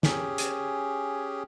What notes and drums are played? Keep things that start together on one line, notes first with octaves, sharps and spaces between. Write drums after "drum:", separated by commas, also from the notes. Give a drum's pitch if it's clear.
C#4 G4 G#4, drum: snare
drum: hi-hat